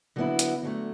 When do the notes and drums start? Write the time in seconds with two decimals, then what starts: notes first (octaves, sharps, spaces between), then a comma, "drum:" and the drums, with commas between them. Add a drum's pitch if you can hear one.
0.16 D3 F#3 B3 E4
0.39 drum: hi-hat
0.62 D3 F#3 A3